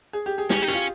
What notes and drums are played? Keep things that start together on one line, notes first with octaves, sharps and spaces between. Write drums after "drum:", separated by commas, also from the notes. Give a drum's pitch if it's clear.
G#4
G4
G#4
C#4 G4, drum: snare
D#4 G4
C#4, drum: hi-hat
F4